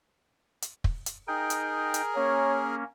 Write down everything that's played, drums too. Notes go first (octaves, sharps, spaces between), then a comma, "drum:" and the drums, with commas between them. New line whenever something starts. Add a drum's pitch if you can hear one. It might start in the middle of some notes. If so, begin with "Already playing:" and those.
drum: hi-hat
drum: kick
drum: hi-hat
D#4 G#4 A#4 G5
drum: hi-hat
drum: hi-hat
A#3 C#4 C#5